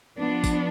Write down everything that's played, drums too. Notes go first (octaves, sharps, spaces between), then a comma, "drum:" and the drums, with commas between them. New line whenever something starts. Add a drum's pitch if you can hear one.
F3 B3 D4
drum: kick, tambourine